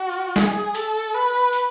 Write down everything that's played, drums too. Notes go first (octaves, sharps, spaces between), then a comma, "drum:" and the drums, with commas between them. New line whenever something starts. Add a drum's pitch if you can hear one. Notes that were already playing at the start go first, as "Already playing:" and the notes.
Already playing: F#4
G#4, drum: snare
A4, drum: hi-hat
B4
drum: hi-hat